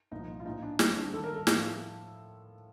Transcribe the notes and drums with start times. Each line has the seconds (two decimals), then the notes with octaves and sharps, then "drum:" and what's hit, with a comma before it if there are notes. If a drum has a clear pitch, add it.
0.11 C2 A#2 F3 D#4
0.40 F4
0.45 A#1 A2 F3 D#4
0.62 D4
0.79 D2 D3 G3 C4, drum: snare
0.96 D4
1.12 D#2 D#3 G3 A4
1.24 A#4
1.35 A4
1.47 A2 F3, drum: snare